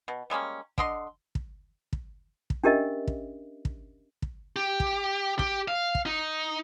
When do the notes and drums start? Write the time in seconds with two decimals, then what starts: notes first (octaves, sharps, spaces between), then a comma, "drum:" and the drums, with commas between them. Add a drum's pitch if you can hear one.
0.08 B2
0.30 G3 G#3 A#3 C#4
0.78 D3 D#5 C6, drum: kick
1.35 drum: kick
1.93 drum: kick
2.50 drum: kick
2.64 C#4 D4 G4 A#4 D#5 E5
3.07 drum: kick
3.65 drum: kick
4.22 drum: kick
4.56 G4
4.80 drum: kick
5.39 G4, drum: kick
5.68 F5
5.95 drum: kick
6.06 D#4